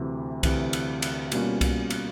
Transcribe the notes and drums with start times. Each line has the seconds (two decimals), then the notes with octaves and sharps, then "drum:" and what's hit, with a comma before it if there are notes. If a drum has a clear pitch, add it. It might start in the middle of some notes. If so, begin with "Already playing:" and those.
Already playing: D2 C3 E3
0.43 D2 C3 E3, drum: kick C2, cymbal
0.73 drum: cymbal
1.02 drum: cymbal
1.32 B2 G3 A#3 C#4 F4, drum: cymbal
1.61 drum: kick C2, cymbal
1.90 drum: cymbal